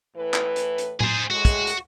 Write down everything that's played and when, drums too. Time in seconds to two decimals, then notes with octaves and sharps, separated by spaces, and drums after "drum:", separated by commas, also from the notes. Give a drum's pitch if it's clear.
0.17 A2 E3 B4
0.34 drum: clap
0.56 drum: hi-hat
0.78 drum: hi-hat
1.00 G#4 C5, drum: tom A2
1.30 A2 G#3 F#4
1.45 drum: kick, hi-hat
1.67 drum: hi-hat